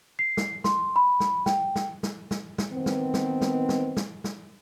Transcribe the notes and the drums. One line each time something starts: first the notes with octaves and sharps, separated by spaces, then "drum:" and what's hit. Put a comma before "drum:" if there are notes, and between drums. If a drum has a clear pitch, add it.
C7
drum: snare
C6, drum: snare
B5
drum: snare
G5, drum: snare
drum: snare
drum: snare
drum: snare
drum: snare
D#3 B3 C4
drum: snare
drum: snare
drum: snare
drum: snare
drum: snare
drum: snare